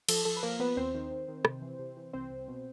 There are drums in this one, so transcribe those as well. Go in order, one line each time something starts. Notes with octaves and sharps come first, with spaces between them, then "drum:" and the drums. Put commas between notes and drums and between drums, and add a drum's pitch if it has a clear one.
F3 A4, drum: cymbal
F3 A4
B4
F3 A#3 A#4
F3 B3 B4
D#2 C4 C5
D#3
D#3
D#3
C3, drum: rim click
E3
C3
E3
C2 C4 C5
C2
B2